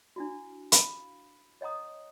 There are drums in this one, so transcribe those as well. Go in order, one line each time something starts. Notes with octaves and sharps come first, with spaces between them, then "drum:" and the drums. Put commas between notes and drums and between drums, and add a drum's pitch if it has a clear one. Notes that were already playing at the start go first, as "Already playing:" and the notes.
D4 E4 F#4
F5 B5, drum: hi-hat
C#5 D#5 F#5 A#5 D#6